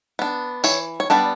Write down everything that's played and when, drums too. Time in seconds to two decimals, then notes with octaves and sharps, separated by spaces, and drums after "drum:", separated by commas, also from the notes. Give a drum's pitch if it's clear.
0.19 B3 D4
0.64 E3 C#5, drum: tambourine
1.00 C#5
1.10 G3 B3 D4 D5